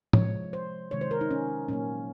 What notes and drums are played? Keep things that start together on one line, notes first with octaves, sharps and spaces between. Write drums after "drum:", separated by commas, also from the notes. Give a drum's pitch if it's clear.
C3 F3 G#3 C#5, drum: tom
C5
C3 D#3 G#3 C#5
C5
A#4
D#4
C#4
A#2 F#3 A#3 C#4